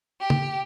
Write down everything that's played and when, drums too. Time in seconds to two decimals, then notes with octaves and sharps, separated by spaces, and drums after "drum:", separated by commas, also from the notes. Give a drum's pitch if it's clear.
0.19 G4
0.30 drum: tom